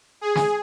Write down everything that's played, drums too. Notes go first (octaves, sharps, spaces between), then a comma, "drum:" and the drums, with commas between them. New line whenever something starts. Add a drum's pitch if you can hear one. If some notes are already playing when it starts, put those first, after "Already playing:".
G#4
drum: snare